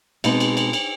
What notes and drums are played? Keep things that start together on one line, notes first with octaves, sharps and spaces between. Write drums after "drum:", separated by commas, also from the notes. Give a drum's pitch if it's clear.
B2 G#3 C4 D#4, drum: cymbal
drum: cymbal
drum: cymbal
drum: cymbal